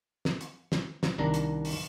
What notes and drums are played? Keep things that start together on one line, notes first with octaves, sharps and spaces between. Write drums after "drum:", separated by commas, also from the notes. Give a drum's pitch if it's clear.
drum: snare
drum: hi-hat
drum: snare
drum: snare
C2 D#3 D4 A#5
drum: hi-hat
drum: open hi-hat